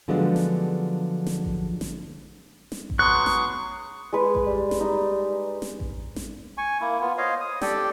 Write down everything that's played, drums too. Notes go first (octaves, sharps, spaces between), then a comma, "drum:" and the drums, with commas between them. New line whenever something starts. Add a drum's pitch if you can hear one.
D3 F3 F#3 G#3 B3 D4
drum: snare
drum: snare
drum: kick A1
drum: snare
drum: snare
drum: kick A1
F#3 B3 G#4 C6 C#6 F#6
drum: snare
G#3 B4
drum: kick A1
G3
drum: snare
D#4
drum: snare
drum: kick A1
drum: snare
G#5 C#6
A#3 E4
B3 F4
C5 C#5 D#5 F5
D#6
G4 A4 D5 G5, drum: snare